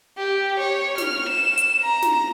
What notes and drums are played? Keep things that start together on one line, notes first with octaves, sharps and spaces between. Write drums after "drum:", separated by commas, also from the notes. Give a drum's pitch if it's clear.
G4
C#5
F6, drum: snare
E7
drum: hi-hat
A#5
drum: snare